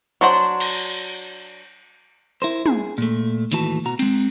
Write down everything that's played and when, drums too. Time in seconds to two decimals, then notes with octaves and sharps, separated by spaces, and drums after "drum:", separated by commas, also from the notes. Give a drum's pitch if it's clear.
0.21 F#3 D4 C5 F#5
0.60 drum: cymbal
2.42 E4 A#4 C5
2.66 G#4, drum: tom
2.98 A#2 A3
3.52 D#2 A2 E3 F#4 A5, drum: hi-hat
3.85 B2 F#4 A#5
3.99 G#3 C4, drum: cymbal